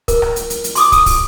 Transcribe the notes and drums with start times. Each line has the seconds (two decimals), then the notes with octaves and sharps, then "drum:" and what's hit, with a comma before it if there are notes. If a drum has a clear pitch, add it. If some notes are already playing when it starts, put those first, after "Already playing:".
0.08 A#4, drum: kick, hi-hat
0.22 drum: rim click
0.36 drum: hi-hat
0.50 drum: hi-hat
0.64 drum: hi-hat
0.75 C6 D6 D#6, drum: open hi-hat
0.92 drum: kick, hi-hat
1.06 drum: kick, open hi-hat